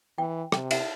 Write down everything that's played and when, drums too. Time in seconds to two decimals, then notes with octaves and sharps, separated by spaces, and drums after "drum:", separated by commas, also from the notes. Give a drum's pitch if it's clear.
0.18 E3 G5
0.52 C3 G5, drum: rim click
0.71 E5, drum: cymbal